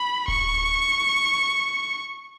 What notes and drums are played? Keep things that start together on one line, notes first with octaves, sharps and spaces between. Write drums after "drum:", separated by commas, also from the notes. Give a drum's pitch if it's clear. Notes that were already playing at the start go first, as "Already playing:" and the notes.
Already playing: B5
C#6, drum: kick D1